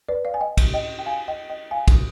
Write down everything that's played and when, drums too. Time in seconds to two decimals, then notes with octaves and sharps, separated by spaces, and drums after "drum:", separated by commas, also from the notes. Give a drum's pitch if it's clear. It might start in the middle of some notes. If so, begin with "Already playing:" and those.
0.09 B4 D5
0.25 D5 F5
0.34 G#5
0.41 D#5 G5
0.57 drum: kick, cymbal
0.74 D#5 G5
0.99 G5
1.06 F5 G#5
1.28 D#5 G5
1.49 D#5 G5
1.71 F5 G#5
1.88 drum: kick, cymbal